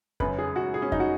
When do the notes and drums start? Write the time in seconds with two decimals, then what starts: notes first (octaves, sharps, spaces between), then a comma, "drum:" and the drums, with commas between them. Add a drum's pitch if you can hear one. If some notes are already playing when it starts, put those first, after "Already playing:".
0.20 F#2 C#3 B4, drum: kick F2
0.38 G#4
0.56 F#4
0.74 G#4
0.82 C#4
0.92 D#4, drum: kick F2
1.00 F#4